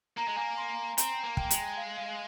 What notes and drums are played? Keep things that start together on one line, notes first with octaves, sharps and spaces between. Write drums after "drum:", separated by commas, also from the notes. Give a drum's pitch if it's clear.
A#3 A#5
G#3
A#3 G#5
A#5
C6
C4 A#5, drum: hi-hat
A#3
G5, drum: kick
G#3, drum: hi-hat
F5
F5